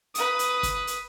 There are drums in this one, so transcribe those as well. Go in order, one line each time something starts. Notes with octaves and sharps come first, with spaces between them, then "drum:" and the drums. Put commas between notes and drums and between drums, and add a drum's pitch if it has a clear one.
B4 D#6, drum: hi-hat
drum: hi-hat
drum: kick, hi-hat
drum: hi-hat